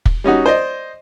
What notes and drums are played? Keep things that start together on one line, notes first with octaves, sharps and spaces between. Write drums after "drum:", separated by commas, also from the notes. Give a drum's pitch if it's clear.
drum: kick
G3 C#4 D#4 F#4
C5 D5 D#5